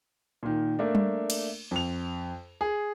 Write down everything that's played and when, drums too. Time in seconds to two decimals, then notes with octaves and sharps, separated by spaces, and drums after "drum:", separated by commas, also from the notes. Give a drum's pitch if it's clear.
0.43 A#2 D#3
0.79 A3 A#3 D4
0.95 drum: tom G3
1.30 drum: cymbal
1.71 F2 F7
2.61 G#4